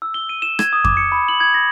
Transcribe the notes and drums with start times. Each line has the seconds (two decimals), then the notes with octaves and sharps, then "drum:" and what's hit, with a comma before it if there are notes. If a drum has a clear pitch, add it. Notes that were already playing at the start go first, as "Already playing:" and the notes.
0.02 E6
0.14 G7
0.29 D#7
0.42 E7
0.59 G#6, drum: rim click
0.73 D#6
0.84 D6, drum: kick F2
0.97 C#7
1.12 B5
1.28 F#7
1.40 G#6
1.54 A#6